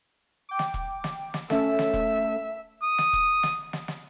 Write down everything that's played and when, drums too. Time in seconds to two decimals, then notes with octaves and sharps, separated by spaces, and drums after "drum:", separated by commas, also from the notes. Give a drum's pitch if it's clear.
0.49 G5 D6
0.59 drum: snare
0.74 drum: kick E1
1.04 drum: snare
1.34 drum: snare
1.50 A3 C#4 A4 E5, drum: snare
1.79 drum: snare
1.94 drum: kick E1
2.83 D#6
2.98 drum: snare
3.13 drum: kick E1
3.43 drum: snare
3.73 drum: snare
3.88 drum: snare